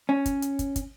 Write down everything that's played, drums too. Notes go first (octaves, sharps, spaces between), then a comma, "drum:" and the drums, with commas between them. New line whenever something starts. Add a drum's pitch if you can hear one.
C#4
drum: kick, hi-hat
drum: hi-hat
drum: kick, hi-hat
drum: kick, hi-hat